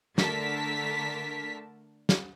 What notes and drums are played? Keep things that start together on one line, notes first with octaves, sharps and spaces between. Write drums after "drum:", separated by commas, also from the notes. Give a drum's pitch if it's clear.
D3 A3 A#4 A5 B6, drum: snare
drum: snare